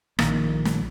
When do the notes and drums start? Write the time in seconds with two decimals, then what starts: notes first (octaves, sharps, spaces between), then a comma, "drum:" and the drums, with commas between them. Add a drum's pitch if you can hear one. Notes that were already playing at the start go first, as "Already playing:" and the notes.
0.19 A#1 A#2 D#3 A#3, drum: rim click
0.65 drum: snare